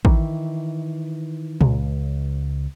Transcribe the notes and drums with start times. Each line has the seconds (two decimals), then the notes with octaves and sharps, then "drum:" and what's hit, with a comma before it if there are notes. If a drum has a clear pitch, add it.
0.05 D#3 E3, drum: kick A1
1.61 C#2, drum: tom A#2